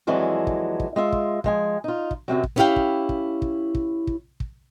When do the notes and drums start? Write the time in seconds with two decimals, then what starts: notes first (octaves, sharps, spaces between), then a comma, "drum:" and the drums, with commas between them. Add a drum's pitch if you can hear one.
0.07 F2 E3 F#3 G#3 D4
0.47 drum: kick
0.80 drum: kick
0.96 G#3 F4 E5
1.12 drum: kick
1.44 F3 G#3 G#5, drum: kick
1.84 D#4 F4
2.11 drum: kick
2.28 F#2 A2 C3 F#3
2.43 drum: kick
2.56 B3 C#4 E4 G4 F5 G5
2.76 drum: kick
3.09 drum: kick
3.42 drum: kick
3.75 drum: kick
4.07 drum: kick
4.40 drum: kick